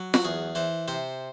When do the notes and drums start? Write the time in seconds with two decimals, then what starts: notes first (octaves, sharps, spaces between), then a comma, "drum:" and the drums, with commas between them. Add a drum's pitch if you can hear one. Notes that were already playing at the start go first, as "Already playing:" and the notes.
Already playing: F#3
0.14 F#4, drum: snare F4
0.24 E2 G#4
0.55 E3 C5
0.88 C3 C5